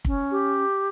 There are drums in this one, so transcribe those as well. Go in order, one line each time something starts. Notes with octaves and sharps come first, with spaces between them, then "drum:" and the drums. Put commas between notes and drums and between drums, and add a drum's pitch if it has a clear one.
C#4, drum: kick
G4